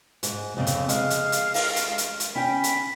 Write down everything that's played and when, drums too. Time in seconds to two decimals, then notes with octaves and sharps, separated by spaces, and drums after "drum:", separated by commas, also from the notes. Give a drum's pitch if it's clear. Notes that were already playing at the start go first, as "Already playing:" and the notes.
0.23 G#2, drum: hi-hat
0.57 F2 C#3 C4
0.67 drum: hi-hat
0.89 G#3 F5, drum: hi-hat
1.10 drum: hi-hat
1.32 drum: hi-hat
1.54 drum: open hi-hat
1.76 drum: hi-hat
1.98 drum: hi-hat
2.20 drum: hi-hat
2.35 C#4 G5 B5
2.64 drum: hi-hat